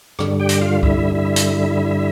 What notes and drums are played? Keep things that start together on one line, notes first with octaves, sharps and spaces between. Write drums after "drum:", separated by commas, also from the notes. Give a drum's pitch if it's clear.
G2 D3 G3, drum: rim click
G4 G5
drum: hi-hat
F4 F5
E4 E5, drum: kick C#2
E4 E5
drum: hi-hat